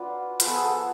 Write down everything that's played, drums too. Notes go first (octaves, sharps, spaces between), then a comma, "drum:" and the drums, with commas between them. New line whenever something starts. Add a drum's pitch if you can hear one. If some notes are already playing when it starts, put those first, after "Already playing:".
Already playing: F#3 D4 F4 B4
F3 G#3 B3 B4, drum: hi-hat
A4
G#4
F#4 A4